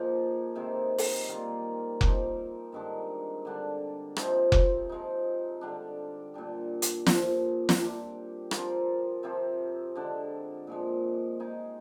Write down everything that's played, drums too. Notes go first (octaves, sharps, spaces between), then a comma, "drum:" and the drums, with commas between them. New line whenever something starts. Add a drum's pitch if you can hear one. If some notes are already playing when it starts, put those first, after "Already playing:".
Already playing: F3 A#3 D#4 G#4
C3 D#3 G#3 C4
drum: open hi-hat
D#3 G3 A#3 F4
F3 C4 D#4 A#4, drum: kick F1
G2 D#3 G#3 D4
D3 G3 D4
C3 F3 C4 D#4, drum: rim click
drum: kick F1
F3 G#3 D#4
D3 G3 D4
A#2 G3 D4
drum: hi-hat
A#2 F3 C4, drum: snare
drum: snare
G3 D4 G4
F3 C4 F4 A#4, drum: rim click
C3 F3 C4 G4
D3 G#3 D4
A#2 F3 G#3
G#3 D#4 G#4